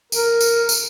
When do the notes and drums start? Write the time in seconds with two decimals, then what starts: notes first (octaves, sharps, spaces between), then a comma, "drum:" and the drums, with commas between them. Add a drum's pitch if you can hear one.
0.12 A#4, drum: tambourine
0.41 drum: tambourine
0.69 drum: tambourine